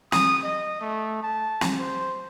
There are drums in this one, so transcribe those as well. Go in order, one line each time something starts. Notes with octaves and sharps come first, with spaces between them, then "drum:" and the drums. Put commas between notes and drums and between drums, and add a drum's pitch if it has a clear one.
D#6, drum: snare
D#5
A3
A5
drum: snare
C5